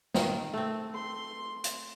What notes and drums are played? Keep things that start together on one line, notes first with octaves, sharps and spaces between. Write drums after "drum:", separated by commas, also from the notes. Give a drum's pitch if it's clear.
D#3, drum: snare
A3 C4
C6
drum: hi-hat